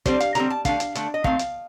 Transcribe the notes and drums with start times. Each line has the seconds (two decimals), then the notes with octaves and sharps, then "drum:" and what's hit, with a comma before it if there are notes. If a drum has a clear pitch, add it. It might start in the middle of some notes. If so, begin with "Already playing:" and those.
0.06 D3 G3 C4 C5, drum: kick, hi-hat
0.20 F5, drum: hi-hat
0.35 D3 G3 C4 A#5, drum: hi-hat
0.50 A5
0.65 D3 A3 D4 F5, drum: kick, hi-hat
0.80 drum: hi-hat
0.95 D3 A3 D4, drum: hi-hat
1.14 D#5
1.24 D#3 A3 C4 F5, drum: kick
1.39 drum: hi-hat